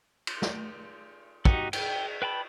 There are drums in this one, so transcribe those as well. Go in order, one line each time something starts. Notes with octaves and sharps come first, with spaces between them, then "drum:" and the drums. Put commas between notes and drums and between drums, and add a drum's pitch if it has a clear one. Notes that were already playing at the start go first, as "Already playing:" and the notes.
drum: cymbal
drum: snare
D#4 F#4 G4 F#5, drum: kick
G5, drum: cymbal
B4 G5 A5 B5